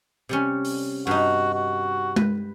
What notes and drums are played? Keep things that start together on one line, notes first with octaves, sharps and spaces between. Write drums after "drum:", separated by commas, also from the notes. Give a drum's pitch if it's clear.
C3 G3 C#4
drum: open hi-hat
G2 D#4 F#4
F#4
B4, drum: tom G#3